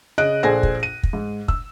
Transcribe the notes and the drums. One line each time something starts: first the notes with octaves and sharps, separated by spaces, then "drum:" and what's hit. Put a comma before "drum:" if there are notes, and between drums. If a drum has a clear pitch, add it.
C#3 D#5 F#6 D7
A#1 G#4 A4 C5 G#5 A#6
drum: kick
D#7
drum: kick
G#2
E6, drum: kick